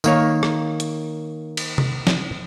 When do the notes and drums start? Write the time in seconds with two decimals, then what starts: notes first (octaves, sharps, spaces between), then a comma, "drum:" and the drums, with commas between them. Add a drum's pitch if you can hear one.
0.04 D#3 A#3 C#5, drum: tambourine
0.43 drum: rim click
0.80 drum: hi-hat
1.57 drum: cymbal
1.78 drum: tom C3
2.07 drum: snare